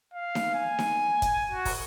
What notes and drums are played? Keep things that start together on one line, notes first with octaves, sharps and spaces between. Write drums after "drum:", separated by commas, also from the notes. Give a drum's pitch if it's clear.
F5
drum: snare D#4
G#5
drum: snare D#4
drum: kick, hi-hat
F#4
drum: kick, open hi-hat